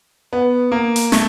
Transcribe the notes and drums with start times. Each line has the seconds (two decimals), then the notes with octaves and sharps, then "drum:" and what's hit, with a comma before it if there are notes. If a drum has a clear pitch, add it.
0.33 B3
0.72 A#3
0.96 drum: hi-hat
1.12 A3, drum: snare